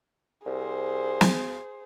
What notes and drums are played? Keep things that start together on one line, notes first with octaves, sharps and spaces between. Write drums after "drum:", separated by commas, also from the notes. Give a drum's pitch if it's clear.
C2 G#4 C5
drum: snare